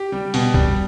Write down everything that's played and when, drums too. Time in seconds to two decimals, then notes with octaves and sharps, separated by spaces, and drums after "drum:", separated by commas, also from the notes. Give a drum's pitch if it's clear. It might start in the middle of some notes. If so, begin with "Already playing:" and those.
Already playing: G4
0.12 G3
0.34 B2, drum: open hi-hat
0.54 G3, drum: kick C2